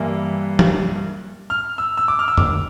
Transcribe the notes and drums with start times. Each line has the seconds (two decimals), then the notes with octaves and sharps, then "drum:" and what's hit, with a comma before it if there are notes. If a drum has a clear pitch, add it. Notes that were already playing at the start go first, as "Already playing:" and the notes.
Already playing: G2 E3 A#3 E4
0.59 drum: tom E3
1.50 F6
1.78 E6
1.97 E6
2.08 D6
2.19 F6
2.28 E6
2.37 D6, drum: tom F2